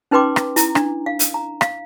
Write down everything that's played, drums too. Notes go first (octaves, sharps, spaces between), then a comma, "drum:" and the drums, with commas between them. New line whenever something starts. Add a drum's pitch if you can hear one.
C#4 D#4 B4 G5 C6 D6
drum: rim click
E4 A#5, drum: hi-hat
D4, drum: rim click
F5
drum: hi-hat
A#5
F5, drum: rim click